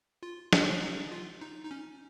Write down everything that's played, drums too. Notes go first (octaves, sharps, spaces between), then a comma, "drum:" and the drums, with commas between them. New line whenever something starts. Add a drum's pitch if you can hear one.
F4
D#4, drum: snare
D#4
F4
D#4
D#4
C#4